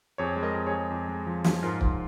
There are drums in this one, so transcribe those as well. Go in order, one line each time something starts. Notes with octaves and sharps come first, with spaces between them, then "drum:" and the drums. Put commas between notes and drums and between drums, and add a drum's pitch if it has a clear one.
F2 G#4 C#5
G#3
A#4 D#5
F2
G#4 C#5
G#3
F2
G#3
F3
F3, drum: snare
G#2 F4 A#4
G#2, drum: kick C#1